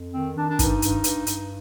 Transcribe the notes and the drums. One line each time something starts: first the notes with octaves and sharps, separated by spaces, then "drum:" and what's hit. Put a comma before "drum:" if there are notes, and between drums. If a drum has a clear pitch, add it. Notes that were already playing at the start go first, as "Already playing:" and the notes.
Already playing: F2
D#3 C4
D#3 D4
D4
G2 D#4, drum: kick, hi-hat
G2, drum: hi-hat
G2, drum: hi-hat
G2, drum: hi-hat